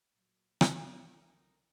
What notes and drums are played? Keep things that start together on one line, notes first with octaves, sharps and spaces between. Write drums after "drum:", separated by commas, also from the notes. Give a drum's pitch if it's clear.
A#2 F#3
drum: rim click
F1 B1 D#4 A4 A#4